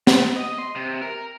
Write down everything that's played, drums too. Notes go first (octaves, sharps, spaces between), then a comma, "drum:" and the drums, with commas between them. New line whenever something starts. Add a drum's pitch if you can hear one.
B3 C4, drum: snare
D#5
C6
C3
A#4